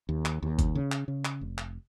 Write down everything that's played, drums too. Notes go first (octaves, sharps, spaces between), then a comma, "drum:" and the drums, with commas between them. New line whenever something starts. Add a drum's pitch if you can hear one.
D#2
drum: clap
D#2
drum: kick G1, hi-hat
C#3
drum: clap
C#3
drum: clap
F1
drum: clap